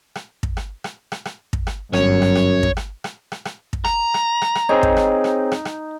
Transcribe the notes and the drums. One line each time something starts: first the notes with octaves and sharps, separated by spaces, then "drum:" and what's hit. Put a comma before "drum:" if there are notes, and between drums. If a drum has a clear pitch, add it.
drum: rim click
drum: kick
drum: rim click
drum: rim click
drum: rim click
drum: rim click
drum: kick
drum: rim click
G1 F#2 F#3 C#5, drum: rim click
drum: rim click
drum: rim click
drum: kick
drum: rim click
drum: rim click
drum: rim click
drum: rim click
drum: kick
A#5, drum: rim click
drum: rim click
drum: rim click
drum: rim click
C4 D#4 G#4 C#5
drum: kick
drum: rim click
drum: rim click
drum: rim click
drum: rim click